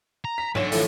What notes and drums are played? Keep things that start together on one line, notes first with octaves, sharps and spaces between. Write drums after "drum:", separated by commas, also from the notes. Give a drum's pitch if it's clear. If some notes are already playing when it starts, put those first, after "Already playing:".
A#5
B6
B1 D3 C#5 E7, drum: tom G#2
A2 E3 F3, drum: open hi-hat